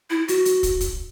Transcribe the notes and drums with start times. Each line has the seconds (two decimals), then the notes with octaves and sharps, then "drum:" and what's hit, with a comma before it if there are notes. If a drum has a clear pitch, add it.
0.10 E4
0.28 F#4, drum: hi-hat
0.45 drum: hi-hat
0.63 drum: kick, hi-hat
0.80 drum: kick, hi-hat